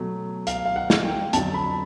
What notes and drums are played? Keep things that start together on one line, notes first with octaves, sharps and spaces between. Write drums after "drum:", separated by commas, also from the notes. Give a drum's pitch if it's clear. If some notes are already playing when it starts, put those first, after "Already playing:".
Already playing: B2 F#3 A3
F5, drum: hi-hat
F5
F#5
drum: snare
G5
F2 D3 F#3 A5, drum: hi-hat
B5